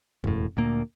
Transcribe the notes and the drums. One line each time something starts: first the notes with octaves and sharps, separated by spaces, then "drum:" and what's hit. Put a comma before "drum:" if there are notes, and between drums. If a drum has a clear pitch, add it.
E1 A2, drum: tom F2
D2 A#2 A#3